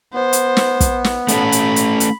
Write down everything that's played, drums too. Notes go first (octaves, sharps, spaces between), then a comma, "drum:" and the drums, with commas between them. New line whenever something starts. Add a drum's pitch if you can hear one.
B3 C5
drum: hi-hat
drum: snare
drum: kick, hi-hat
drum: snare
A3 C#4 A4 B5, drum: hi-hat
drum: hi-hat
drum: hi-hat
drum: hi-hat